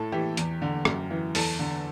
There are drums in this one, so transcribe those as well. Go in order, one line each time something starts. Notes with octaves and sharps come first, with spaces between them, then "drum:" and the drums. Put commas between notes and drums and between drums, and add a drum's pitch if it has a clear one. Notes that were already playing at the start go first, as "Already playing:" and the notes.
Already playing: A2 A4
E3 G4
E2, drum: hi-hat
D3
F#2, drum: rim click
E3
E2 A4, drum: open hi-hat
D3